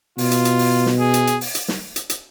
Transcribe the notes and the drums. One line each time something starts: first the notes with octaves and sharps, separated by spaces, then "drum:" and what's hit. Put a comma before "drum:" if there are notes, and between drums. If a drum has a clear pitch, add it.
B2 F4, drum: open hi-hat
drum: hi-hat
drum: hi-hat
drum: open hi-hat
drum: snare
G#4
drum: hi-hat
drum: hi-hat
drum: open hi-hat
drum: hi-hat
drum: snare
drum: hi-hat
drum: hi-hat